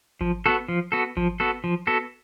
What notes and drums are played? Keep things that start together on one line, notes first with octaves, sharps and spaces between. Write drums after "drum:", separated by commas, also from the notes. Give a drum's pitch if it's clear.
F3, drum: kick G#1
B3 F#4 A4
F3
B3 F#4 A4
F3, drum: kick G#1
B3 F#4 A4
F3
B3 F#4 A4